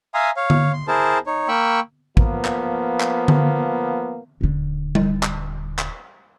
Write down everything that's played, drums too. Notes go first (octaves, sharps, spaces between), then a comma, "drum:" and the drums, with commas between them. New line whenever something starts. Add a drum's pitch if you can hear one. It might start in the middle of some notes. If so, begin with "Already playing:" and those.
E5 F5 G#5 A#5 C6 D#6
C#5 F5
drum: tom D3
C6
E4 G#4 A#4 C5 A5
D#4 C#5
A#3 G5 B5 C#6 E6
F3 A#3 B3, drum: kick A1
drum: clap
drum: clap
drum: tom D3
D#1 D3
drum: tom G3
drum: clap
drum: clap